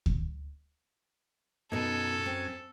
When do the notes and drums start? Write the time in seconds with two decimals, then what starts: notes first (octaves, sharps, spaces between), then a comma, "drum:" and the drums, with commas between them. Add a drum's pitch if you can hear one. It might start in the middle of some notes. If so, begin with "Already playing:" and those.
0.06 drum: kick D2
1.72 F#2 B2 D#4 A4 G#5
2.26 C4